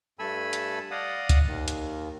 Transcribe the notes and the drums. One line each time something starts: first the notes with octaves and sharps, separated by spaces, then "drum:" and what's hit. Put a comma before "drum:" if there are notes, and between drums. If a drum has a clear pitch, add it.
G2 A3 A4 G#5 B5 E6
drum: hi-hat
D5 D#5 F5 F#5 D#6
drum: kick C#2, hi-hat
D#2 D#3
drum: hi-hat